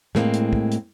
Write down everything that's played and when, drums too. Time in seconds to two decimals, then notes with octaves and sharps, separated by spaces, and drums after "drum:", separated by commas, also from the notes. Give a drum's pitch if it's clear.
0.15 A2 G#3 A#3 C4, drum: snare
0.34 drum: hi-hat
0.53 drum: kick
0.72 drum: hi-hat